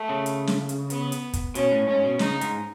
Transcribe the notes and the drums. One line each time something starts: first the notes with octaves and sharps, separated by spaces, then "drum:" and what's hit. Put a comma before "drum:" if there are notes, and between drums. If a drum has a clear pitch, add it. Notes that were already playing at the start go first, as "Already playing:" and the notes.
Already playing: A3
C#3
drum: hi-hat
drum: snare
drum: hi-hat
B3, drum: hi-hat
drum: hi-hat
drum: kick, hi-hat
B2 C#4, drum: hi-hat
A2
G#2 C#4
B2
C#3 D#4, drum: snare
G#2, drum: hi-hat